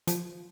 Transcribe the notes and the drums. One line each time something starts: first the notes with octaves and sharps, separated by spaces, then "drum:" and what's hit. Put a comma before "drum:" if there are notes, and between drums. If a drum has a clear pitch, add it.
F3, drum: hi-hat